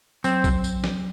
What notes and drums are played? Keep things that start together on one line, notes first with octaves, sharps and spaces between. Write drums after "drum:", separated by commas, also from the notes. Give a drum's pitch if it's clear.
F#3 C4, drum: tambourine
drum: kick A#1, tambourine
drum: tambourine
drum: snare